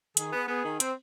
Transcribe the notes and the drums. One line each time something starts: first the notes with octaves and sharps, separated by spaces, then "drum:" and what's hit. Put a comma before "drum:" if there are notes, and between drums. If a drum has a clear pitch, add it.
D#3 G#4, drum: hi-hat
B3
B3 G#4
D#3
C4, drum: hi-hat